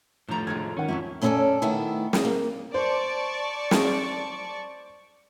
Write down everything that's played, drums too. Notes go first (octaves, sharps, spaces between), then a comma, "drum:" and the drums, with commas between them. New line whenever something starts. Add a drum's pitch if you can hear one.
A2 F3 A3 D4 A#5
D3 D#3 G#3 G#6
D#3 C#4 F#5
F2 E3 F#3 E4
F#2 C#4 E4 G#4 A4 D5
D#3 A3 B3 E4
drum: snare
A#3
C5 D5 A5 C#6
drum: snare